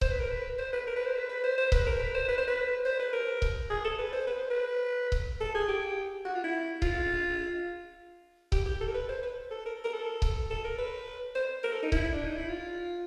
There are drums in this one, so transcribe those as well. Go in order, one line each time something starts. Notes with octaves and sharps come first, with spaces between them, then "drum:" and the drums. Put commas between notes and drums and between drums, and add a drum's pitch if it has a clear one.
C5, drum: kick C#1
B4
A#4
B4
C5
B4
A#4
B4
C5
B4
B4
C5
C5
B4, drum: kick C#1
A#4
B4
C5
B4
C5
B4
C5
B4
A#4
drum: kick C#1
G#4
A4
B4
C5
B4
C5
B4
drum: kick C#1
A4
G#4
G4
F#4
F4
E4
F4, drum: kick C#1
G4, drum: kick C#1
G4
A4
A#4
B4
C5
B4
A4
A#4
A#4
A4
drum: kick C#1
A4
A#4
B4
C5
A#4
A4
D#4
E4, drum: kick C#1
D4
D#4
E4
F4